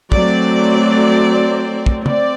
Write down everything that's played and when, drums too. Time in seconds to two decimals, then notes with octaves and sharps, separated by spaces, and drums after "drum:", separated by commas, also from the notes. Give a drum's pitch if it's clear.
0.12 F#3 A3 C4 D5, drum: kick
1.86 drum: kick
2.06 C4 D5, drum: tom